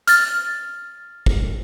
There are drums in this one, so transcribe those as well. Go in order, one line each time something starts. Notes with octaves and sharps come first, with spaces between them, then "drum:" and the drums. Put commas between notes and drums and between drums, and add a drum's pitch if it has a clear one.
F6 A6, drum: hi-hat
drum: kick